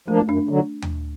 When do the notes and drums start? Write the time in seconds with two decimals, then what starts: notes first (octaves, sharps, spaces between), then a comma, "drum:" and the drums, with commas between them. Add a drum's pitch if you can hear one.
0.08 F3 A3 A#3 D4
0.28 F#2 D4
0.49 D3 F#3
0.82 drum: tom